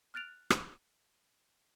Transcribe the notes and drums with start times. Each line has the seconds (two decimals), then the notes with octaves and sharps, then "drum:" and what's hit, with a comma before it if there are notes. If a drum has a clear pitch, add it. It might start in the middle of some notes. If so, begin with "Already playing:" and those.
0.14 F6 F#6 A6 D7 F7
0.50 drum: rim click